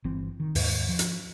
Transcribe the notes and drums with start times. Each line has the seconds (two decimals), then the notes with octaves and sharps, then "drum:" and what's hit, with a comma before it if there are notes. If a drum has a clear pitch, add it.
0.04 G1 E3 C4
0.40 D#3
0.55 D#2 G#2, drum: open hi-hat
0.89 F3
0.99 drum: hi-hat